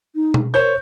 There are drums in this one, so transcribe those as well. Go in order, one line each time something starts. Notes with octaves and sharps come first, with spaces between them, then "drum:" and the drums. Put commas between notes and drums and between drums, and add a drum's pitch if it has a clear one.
D#4
drum: tom B2
A#4 C5 C#5 G6